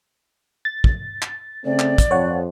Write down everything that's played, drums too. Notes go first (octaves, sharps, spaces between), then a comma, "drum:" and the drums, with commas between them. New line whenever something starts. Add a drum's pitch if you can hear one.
A6
drum: kick
drum: clap
C#3 A3 C4 D5
drum: clap
drum: kick, hi-hat
F2 C#5 F#5